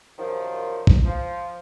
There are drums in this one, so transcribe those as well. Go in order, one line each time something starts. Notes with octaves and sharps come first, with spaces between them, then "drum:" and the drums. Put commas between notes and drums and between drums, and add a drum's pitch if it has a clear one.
F#2 C3 D#3 F3
drum: kick
F3